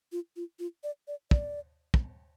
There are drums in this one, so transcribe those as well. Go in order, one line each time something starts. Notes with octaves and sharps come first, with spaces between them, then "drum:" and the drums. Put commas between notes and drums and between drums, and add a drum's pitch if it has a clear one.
F4
F4
F4
D5
D5
D5, drum: kick
drum: kick